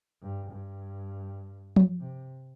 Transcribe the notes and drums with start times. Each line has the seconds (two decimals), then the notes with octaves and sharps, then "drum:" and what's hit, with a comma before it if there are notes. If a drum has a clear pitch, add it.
0.22 G2
0.52 G2
1.76 drum: tom F3
2.00 C3